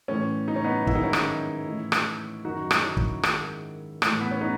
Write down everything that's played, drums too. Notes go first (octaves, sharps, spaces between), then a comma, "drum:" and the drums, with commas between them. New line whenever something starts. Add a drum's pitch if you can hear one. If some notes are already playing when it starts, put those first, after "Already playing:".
A2 E3 C#4
D#4
C#4
B3 D#4
G#2 D#3 E4, drum: kick
D#4
C#4 E4
drum: rim click
A2 E3
drum: rim click
F#2 D#3 D#4 F#4
drum: rim click
C#4 E4
drum: kick
G#2 D#3, drum: rim click
A2 E3, drum: rim click
B3
C#4
B3 D#4